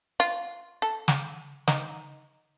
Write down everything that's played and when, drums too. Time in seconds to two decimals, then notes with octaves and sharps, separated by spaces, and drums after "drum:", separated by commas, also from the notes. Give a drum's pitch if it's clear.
0.20 F4
0.82 A4
1.08 drum: snare
1.68 D#4, drum: snare